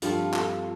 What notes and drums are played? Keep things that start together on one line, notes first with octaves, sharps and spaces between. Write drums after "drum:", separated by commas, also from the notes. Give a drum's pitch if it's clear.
G2 F3 C4 F4 A4, drum: hi-hat
F4 A4, drum: clap